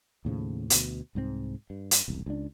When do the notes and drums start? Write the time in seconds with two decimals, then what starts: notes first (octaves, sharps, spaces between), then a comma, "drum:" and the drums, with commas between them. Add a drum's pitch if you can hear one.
0.25 D#2 A2 C#3 F3
0.70 D2 B2, drum: hi-hat
1.15 C2 G#2 F3 C4
1.70 G2
1.91 drum: hi-hat
2.08 E1 C2
2.26 C#2 D4